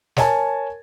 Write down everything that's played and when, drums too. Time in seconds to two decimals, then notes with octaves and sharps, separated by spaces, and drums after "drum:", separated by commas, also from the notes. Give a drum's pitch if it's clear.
0.17 A#4 C#5 G#5 A5, drum: snare